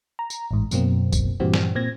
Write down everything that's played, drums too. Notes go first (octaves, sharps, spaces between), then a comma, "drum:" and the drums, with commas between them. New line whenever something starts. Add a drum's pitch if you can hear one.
A#5
drum: tambourine
A1 G#2
F#2 B2 F#3 A#3 C4, drum: tambourine
drum: kick, tambourine
G2 A#2 E3 C4 F#4 G4
drum: snare
A#2 C4 G#6 A#6